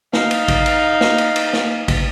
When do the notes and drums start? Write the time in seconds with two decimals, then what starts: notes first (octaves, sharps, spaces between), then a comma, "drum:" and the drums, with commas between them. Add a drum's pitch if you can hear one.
0.13 D#4 F5, drum: snare
0.31 drum: cymbal
0.48 drum: kick A1, cymbal
0.66 drum: cymbal
1.01 drum: snare
1.18 drum: cymbal
1.36 drum: cymbal
1.53 drum: snare
1.88 drum: kick A1, cymbal